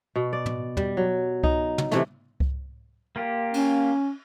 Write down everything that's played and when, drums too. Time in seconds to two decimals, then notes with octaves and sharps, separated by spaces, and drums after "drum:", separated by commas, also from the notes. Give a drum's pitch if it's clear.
0.16 B2
0.33 D5
0.46 drum: tom
0.77 G3, drum: tom
0.97 F#3
1.43 D#4, drum: kick C2
1.78 drum: tom
1.91 C3 E3 A3, drum: snare
2.40 drum: kick C2
3.16 A#3 F4 G4
3.54 C#4, drum: cymbal